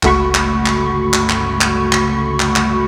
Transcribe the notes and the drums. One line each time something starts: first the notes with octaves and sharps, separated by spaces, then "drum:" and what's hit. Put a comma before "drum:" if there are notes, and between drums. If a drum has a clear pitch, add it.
G1 C#2 A3 F#4 B5 C#6, drum: clap
drum: clap
drum: clap
drum: clap
drum: clap
drum: clap
drum: clap
drum: clap
drum: clap